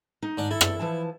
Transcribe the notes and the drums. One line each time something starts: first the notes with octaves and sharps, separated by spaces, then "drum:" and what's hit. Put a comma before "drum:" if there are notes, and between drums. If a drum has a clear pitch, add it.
D#4
G#2 D4
E4 A4
drum: rim click
E3 F3 A5